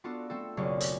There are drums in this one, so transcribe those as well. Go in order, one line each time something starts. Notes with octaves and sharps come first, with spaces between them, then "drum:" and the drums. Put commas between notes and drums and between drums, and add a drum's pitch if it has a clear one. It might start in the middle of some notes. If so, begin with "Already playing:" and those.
B3 D4 F4 F#4 A4
A3 C4 A4
F#1 B1 C#4 G#4 C#5 D5
drum: hi-hat